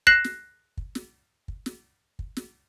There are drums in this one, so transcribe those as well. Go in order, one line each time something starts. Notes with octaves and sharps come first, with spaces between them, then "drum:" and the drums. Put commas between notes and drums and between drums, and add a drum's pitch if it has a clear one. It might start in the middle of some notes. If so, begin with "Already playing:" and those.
F#6 A#6 C7 E7 F#7, drum: kick
drum: snare
drum: kick
drum: snare
drum: kick
drum: snare
drum: kick
drum: snare